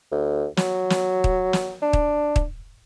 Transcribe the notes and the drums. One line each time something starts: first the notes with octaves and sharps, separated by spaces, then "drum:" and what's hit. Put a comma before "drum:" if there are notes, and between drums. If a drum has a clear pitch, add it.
D2
F#3, drum: snare
drum: snare
drum: kick
drum: snare
D4
drum: kick
drum: kick